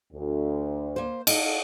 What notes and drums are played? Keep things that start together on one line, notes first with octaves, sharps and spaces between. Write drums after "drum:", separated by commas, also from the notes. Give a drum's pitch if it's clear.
D2
A#3 C5
D#5 F5 F#5, drum: cymbal